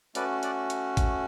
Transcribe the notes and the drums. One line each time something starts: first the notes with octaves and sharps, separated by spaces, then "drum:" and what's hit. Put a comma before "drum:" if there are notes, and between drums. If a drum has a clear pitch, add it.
A3 C#4 F#4 B4 D5, drum: hi-hat
D5 F#5, drum: hi-hat
drum: hi-hat
drum: kick, hi-hat